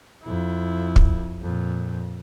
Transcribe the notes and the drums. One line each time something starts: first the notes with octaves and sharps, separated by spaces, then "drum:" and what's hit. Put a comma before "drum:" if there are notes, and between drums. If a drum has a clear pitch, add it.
F2 E4
drum: kick
F2 A#2